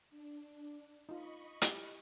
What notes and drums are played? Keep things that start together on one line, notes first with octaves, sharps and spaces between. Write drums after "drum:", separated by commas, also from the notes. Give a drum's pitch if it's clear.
D4
D#4 F4 D#5 B5 C#6
E4 G4, drum: hi-hat